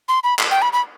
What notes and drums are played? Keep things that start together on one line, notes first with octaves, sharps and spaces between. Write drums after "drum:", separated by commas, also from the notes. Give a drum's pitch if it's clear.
C6
B5
drum: clap
G5
B5
B5